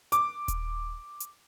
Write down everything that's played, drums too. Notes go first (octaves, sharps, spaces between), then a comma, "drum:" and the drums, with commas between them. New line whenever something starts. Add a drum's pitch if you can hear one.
D6, drum: hi-hat
drum: kick D#1, hi-hat
drum: hi-hat